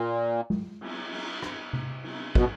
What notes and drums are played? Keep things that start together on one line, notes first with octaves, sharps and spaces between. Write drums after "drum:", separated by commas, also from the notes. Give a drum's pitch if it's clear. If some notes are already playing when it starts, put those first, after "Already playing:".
Already playing: A#2
drum: tom G#3
drum: cymbal
drum: cymbal
drum: rim click
drum: tom C3
drum: cymbal
B2, drum: kick